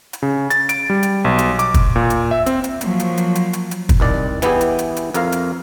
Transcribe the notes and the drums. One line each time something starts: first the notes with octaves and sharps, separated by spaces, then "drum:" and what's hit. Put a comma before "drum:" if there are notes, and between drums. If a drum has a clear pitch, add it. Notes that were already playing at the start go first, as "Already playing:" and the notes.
drum: hi-hat
C#3
A6, drum: hi-hat
D7, drum: hi-hat
G3
drum: hi-hat
B1
drum: hi-hat
D6, drum: hi-hat
drum: kick, hi-hat
A#2
drum: hi-hat
E5
C4, drum: hi-hat
drum: hi-hat
F3 F#3 A#3, drum: hi-hat
drum: hi-hat
drum: hi-hat
drum: hi-hat
drum: hi-hat
drum: hi-hat
drum: kick, hi-hat
C2 D#3 D5
E3 B3 E4 G4 G#4, drum: hi-hat
drum: hi-hat
drum: hi-hat
drum: hi-hat
F2 A#4 F5, drum: hi-hat
drum: hi-hat